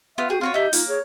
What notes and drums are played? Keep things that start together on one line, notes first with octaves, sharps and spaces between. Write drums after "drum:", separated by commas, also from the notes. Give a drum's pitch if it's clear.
B3 F4 E5
F#4 G#4 G5
C4 F4 F#4 C#5 C6
D#4 G4 E5 G6
A#3 D#4 F4, drum: open hi-hat
G#4 C#5